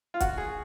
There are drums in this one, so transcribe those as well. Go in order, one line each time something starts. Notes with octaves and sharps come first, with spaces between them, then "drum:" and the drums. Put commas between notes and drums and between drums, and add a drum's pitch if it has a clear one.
F4
F#4, drum: kick C#1, hi-hat
G#4